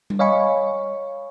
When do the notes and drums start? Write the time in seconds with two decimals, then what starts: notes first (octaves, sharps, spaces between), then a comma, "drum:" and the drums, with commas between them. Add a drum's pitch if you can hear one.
0.10 drum: tom G3
0.19 C#5 D#5 F5 G#5 B5 C#6